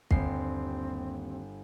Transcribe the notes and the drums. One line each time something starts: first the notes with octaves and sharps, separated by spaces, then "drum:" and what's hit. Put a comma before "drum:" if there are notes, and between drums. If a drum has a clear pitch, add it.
G1 D#2 C4 C7, drum: kick